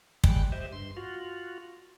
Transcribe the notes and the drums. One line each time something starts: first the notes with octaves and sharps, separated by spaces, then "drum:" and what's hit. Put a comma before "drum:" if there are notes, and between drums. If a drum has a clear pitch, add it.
G3 G#3 G5 F#6, drum: kick
G4 C5 D#5 E5
G2 C6
F4 F#4